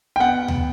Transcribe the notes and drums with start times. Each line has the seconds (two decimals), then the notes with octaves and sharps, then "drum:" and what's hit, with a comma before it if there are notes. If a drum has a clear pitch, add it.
0.16 G5
0.20 B3 F#5
0.48 drum: tom D2